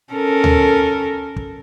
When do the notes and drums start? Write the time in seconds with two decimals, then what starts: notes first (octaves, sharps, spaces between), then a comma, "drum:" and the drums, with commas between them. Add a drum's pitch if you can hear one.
0.13 C#4 A4 A#4
0.44 drum: tom D2
1.36 drum: kick